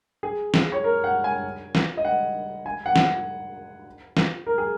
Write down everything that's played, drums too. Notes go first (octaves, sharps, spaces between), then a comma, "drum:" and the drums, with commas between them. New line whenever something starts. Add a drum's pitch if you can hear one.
G#4
drum: snare
C#5
A#4
F#5
G#5
drum: snare
D#5
F#5
G#5
F#5
drum: snare
drum: snare
A#4
G#4